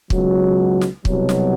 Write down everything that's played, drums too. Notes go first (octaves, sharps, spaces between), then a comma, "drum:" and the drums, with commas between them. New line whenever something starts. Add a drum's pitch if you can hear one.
C#2 B2 F#3, drum: kick
drum: snare
C2 B2 F#3, drum: kick
drum: snare